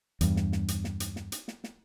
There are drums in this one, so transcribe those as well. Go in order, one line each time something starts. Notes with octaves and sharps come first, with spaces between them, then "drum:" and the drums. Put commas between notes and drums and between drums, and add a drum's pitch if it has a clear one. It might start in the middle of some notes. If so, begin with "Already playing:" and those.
E2 G2, drum: hi-hat
drum: snare
drum: snare
drum: hi-hat
drum: snare
drum: hi-hat
drum: snare
drum: hi-hat
drum: snare
drum: snare